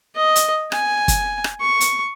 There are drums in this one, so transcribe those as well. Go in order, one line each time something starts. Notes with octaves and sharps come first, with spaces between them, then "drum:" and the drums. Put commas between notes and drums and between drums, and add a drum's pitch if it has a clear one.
D#5
drum: hi-hat
G#5, drum: rim click
drum: kick, hi-hat
drum: rim click
C#6
drum: hi-hat